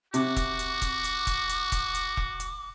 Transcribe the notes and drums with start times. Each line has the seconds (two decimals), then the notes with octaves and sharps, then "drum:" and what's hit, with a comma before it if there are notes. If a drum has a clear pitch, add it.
0.14 C3 F#4 D6, drum: hi-hat
0.36 drum: kick E1, hi-hat
0.59 drum: hi-hat
0.82 drum: kick E1, hi-hat
1.04 drum: hi-hat
1.27 drum: kick E1, hi-hat
1.49 drum: hi-hat
1.72 drum: kick E1, hi-hat
1.95 drum: hi-hat
2.17 drum: kick E1
2.40 drum: hi-hat